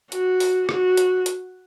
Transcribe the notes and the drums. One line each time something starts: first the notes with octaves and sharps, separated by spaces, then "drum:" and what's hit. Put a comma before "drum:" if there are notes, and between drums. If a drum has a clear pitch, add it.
F#4, drum: hi-hat
drum: open hi-hat
F#4, drum: rim click
drum: hi-hat
drum: hi-hat